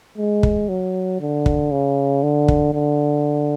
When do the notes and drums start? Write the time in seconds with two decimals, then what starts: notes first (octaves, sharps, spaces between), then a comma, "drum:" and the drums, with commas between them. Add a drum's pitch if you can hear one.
0.18 G#3
0.43 drum: kick
0.69 F#3
1.21 D3
1.46 drum: kick
1.71 C#3
2.23 D3
2.48 drum: kick
2.74 D3